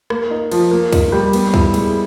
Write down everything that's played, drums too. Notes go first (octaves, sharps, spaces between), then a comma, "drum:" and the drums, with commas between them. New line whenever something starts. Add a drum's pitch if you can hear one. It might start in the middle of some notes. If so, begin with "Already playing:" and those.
A#3, drum: rim click
D#4
F3, drum: cymbal
A#3
D#4, drum: kick, cymbal
G3
B3, drum: cymbal
E4, drum: kick
G#3, drum: cymbal